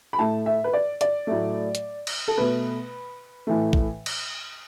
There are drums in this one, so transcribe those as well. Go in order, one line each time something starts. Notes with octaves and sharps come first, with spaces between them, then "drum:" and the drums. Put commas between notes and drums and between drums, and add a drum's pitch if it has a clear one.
B5
A2 A3 A5
E5
B4
D5
D5, drum: hi-hat
A2 F#3 A3
drum: hi-hat
drum: cymbal
A4
B2 A3 B4
A2 E3 A3
drum: kick
drum: cymbal